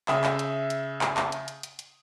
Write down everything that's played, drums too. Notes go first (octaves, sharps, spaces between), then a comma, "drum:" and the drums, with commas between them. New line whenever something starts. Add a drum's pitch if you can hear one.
C#3 E5 D#6, drum: clap
drum: clap
drum: hi-hat
drum: hi-hat
drum: clap
drum: clap
drum: hi-hat
drum: hi-hat
drum: hi-hat
drum: hi-hat